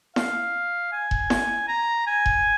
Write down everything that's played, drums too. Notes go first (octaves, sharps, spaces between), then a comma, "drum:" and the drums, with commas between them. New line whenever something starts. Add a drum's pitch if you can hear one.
F5, drum: snare E4
G#5
drum: kick E1
drum: snare E4
A#5
G#5
drum: kick E1